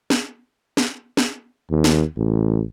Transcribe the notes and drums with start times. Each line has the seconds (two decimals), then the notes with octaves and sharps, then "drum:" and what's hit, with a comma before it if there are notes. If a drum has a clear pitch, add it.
0.10 drum: snare
0.77 drum: snare
1.17 drum: snare
1.71 D#2
1.84 drum: snare
2.17 A1